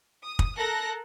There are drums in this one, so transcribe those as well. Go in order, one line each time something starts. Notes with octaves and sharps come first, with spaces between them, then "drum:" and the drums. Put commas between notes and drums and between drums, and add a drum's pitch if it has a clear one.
D#6
drum: kick
A4 A#4 F#6 A#6